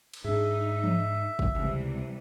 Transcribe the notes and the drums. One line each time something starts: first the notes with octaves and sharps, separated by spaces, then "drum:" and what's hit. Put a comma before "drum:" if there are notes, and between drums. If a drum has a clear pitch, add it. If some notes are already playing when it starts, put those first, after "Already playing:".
drum: cymbal
G#2 D4 D#4 G#4 E5
drum: tom E3
drum: kick
C#2 C3 E3 G3